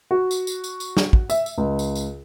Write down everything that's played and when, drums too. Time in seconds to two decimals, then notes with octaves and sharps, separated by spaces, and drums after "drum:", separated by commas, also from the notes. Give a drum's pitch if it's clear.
0.11 F#4
0.31 drum: tambourine
0.47 drum: tambourine
0.64 drum: tambourine
0.80 drum: tambourine
0.97 drum: snare
1.13 drum: kick
1.30 E5, drum: tambourine
1.46 drum: tambourine
1.58 C#2
1.79 drum: tambourine
1.95 drum: tambourine